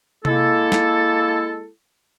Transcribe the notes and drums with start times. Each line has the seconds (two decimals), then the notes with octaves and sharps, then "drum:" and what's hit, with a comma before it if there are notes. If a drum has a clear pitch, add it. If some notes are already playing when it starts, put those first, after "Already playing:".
0.25 G#3 A#3 E4 A4, drum: tom C3
0.72 drum: snare